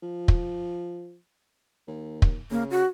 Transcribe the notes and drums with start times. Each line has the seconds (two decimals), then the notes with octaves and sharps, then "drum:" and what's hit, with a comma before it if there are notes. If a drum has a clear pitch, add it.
0.03 F3
0.28 drum: kick
1.87 D#2
2.22 drum: kick
2.51 C#3 A#3
2.71 F#4